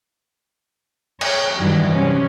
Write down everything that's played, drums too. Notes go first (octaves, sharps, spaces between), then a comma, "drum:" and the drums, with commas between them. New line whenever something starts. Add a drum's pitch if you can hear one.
C#5, drum: cymbal
G2 D#3 E3 F#3 G3
C3 C#4